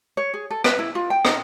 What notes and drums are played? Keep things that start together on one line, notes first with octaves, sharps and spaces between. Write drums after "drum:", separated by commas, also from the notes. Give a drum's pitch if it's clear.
C#5
G#4
A4
B4, drum: rim click
E4
F4
G5
D#4, drum: rim click